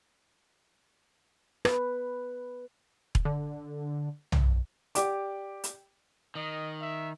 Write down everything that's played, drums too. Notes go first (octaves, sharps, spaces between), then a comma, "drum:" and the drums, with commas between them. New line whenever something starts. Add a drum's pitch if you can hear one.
B4, drum: rim click
drum: kick E1
D3
drum: tom B1
G4 D5 D6, drum: hi-hat
drum: hi-hat
D#3 D#5
E5